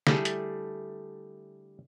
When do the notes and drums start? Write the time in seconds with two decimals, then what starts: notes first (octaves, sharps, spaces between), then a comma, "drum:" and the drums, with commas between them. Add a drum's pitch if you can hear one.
0.07 D3 G3 A3 E4 G#4 A4, drum: snare
0.25 drum: hi-hat